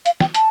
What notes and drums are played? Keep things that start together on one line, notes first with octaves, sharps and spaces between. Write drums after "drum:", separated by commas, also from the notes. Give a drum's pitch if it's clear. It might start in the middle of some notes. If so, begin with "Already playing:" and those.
F5, drum: hi-hat
G5, drum: snare
A5, drum: hi-hat